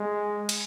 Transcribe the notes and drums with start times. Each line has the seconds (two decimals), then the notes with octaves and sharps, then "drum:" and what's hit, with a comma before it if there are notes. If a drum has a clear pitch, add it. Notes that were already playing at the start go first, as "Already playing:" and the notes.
Already playing: G#3
0.49 drum: cymbal